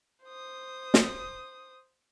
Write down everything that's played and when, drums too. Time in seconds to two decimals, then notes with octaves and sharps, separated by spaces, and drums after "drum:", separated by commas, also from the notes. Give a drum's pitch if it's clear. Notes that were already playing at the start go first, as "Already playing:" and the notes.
0.24 C5 D#6
0.94 drum: snare